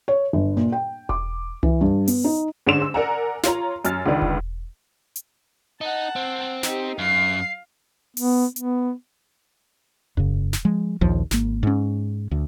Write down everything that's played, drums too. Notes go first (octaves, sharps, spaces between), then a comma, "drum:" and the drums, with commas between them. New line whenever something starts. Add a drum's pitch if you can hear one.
C#5
G1
A#2
G5
D6, drum: kick E1
E3, drum: tom C2
G2
B3, drum: open hi-hat
D#4
G#2 D3 C#4 C6 E7
E6
A#4 D5 F#5 G#5 A#5
F4 C#5 A#5, drum: snare
F#2 F6 A6, drum: hi-hat
C#2 D3 D#3 B4 D5
drum: kick E1
drum: hi-hat
D#4 F#5 A5
C4
D#4 G4, drum: snare
F#2 F5 C7
B3, drum: open hi-hat
B3, drum: hi-hat
F#2 C#3, drum: kick E1
drum: snare
F3 G#3
A#1 D#2 F3
G#1 A#3, drum: snare
G#2 C#4
D2